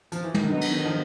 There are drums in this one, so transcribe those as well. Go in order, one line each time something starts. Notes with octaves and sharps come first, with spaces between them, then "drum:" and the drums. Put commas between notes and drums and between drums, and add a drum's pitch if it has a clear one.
F3, drum: hi-hat
E3
D#3, drum: tom
D3 F#3 B3 D#4
drum: cymbal
D#3
F3